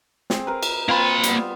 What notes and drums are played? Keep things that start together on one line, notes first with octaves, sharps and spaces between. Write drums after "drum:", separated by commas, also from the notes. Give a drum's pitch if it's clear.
C4 G#4, drum: snare
A#4 B4
drum: cymbal
A#3 C4 F4 B4 B5
G3 B3, drum: hi-hat